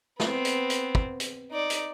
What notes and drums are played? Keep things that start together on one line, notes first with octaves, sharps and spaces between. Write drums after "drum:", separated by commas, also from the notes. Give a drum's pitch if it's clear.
B3 C4, drum: snare
drum: hi-hat
drum: hi-hat
drum: kick
drum: hi-hat
D#4 D5
drum: hi-hat